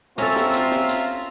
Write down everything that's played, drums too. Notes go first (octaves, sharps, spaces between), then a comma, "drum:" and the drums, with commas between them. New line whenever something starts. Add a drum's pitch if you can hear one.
C4 C#4 F4 A4 E5 A#5, drum: hi-hat
drum: snare
drum: hi-hat
drum: snare
drum: hi-hat